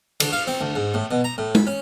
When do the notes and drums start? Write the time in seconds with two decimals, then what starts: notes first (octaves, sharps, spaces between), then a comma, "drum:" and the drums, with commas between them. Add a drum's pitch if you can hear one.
0.20 D3, drum: cymbal
0.32 F5
0.47 C4
0.61 D2
0.76 G#2
0.94 A2
1.11 B2
1.24 A#5
1.38 A2
1.55 B5, drum: tom
1.67 C#4